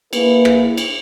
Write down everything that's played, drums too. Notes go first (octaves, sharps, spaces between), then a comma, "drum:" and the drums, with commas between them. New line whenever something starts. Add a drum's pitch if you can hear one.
A#3 E4 G#4 B4, drum: cymbal
drum: rim click
drum: cymbal